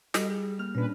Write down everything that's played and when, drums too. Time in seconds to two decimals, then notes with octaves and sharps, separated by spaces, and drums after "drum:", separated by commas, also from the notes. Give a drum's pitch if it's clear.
0.14 G3 F#4 A4 D#5, drum: snare
0.30 G#4
0.59 A#3 F6
0.75 A#2 C#4 D4 B4